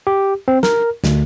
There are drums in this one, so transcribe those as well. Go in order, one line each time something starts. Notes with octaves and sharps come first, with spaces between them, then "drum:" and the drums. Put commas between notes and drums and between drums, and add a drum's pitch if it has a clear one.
G4
C4
A#4, drum: snare
D2, drum: snare